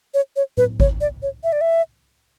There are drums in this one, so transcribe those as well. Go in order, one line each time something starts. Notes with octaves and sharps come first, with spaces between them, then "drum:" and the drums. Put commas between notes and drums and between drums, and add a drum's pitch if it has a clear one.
C#5
C#5
B4, drum: tom A2
C#5, drum: kick G#1
D5
C#5
E5
D5
E5